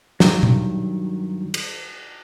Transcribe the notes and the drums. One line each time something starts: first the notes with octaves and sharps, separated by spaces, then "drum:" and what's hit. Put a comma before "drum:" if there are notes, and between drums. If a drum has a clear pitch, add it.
G2 D#3 F#3, drum: snare
drum: tom B2
drum: cymbal